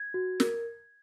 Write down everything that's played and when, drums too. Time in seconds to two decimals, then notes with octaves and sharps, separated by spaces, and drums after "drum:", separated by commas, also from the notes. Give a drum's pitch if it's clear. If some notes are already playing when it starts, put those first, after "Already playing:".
Already playing: G#6
0.14 F#4
0.40 A#4, drum: snare